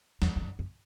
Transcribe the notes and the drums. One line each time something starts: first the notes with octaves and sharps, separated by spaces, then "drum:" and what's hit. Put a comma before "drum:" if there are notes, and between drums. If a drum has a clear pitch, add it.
E2, drum: snare F#3
E2
F#2
F#2